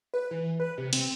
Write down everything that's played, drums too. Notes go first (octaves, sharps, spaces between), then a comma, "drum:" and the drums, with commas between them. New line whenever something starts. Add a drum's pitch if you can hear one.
B4
E3
B4
C3
C4, drum: cymbal